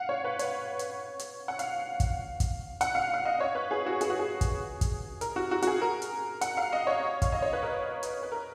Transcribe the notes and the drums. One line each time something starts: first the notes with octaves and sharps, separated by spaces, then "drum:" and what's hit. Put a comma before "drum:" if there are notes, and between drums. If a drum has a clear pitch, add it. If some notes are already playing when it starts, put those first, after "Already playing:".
Already playing: F5 F#5
C#5
B4
C#5, drum: hi-hat
drum: hi-hat
drum: hi-hat
F#5
F5, drum: hi-hat
drum: kick, hi-hat
drum: kick, hi-hat
F#5, drum: hi-hat
F5
F5
D#5
C#5
B4
G#4
F#4
G#4, drum: hi-hat
F#4
G#4
drum: kick, hi-hat
drum: kick, hi-hat
A#4, drum: hi-hat
F#4
F#4
F#4, drum: hi-hat
G#4
A#4
drum: hi-hat
F#5, drum: hi-hat
F5
D#5
C#5
F5, drum: kick, hi-hat
D#5
C#5
B4
A#4
drum: hi-hat
B4
A#4